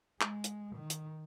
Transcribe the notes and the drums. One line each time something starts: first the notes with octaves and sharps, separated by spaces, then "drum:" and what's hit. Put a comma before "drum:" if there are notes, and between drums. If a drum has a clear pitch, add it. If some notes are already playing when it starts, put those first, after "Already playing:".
G#3, drum: clap
drum: hi-hat
D#3
drum: hi-hat